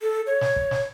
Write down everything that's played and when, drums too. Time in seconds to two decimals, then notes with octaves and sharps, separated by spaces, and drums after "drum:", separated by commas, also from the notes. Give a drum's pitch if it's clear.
0.02 A4
0.26 C#5
0.41 drum: snare
0.56 drum: kick
0.71 drum: snare